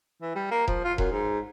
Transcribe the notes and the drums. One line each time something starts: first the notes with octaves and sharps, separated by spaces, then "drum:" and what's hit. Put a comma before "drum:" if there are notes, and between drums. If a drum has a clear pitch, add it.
E3
G3
A#3
F3, drum: kick E1
F4
F#2, drum: kick E1
G#2